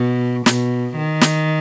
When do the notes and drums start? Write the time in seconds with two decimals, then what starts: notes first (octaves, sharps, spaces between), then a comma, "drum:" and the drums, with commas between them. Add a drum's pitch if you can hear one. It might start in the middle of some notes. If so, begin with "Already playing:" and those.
Already playing: B2
0.46 B2, drum: snare
0.96 D#3
1.21 drum: snare